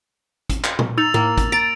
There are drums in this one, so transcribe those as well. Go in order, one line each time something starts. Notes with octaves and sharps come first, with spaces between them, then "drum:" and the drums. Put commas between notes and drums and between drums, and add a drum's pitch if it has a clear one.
drum: kick, hi-hat
drum: clap
drum: tom
D#4 E6 A6 F7
A2 A#3
drum: kick, hi-hat
A#5 A6 D7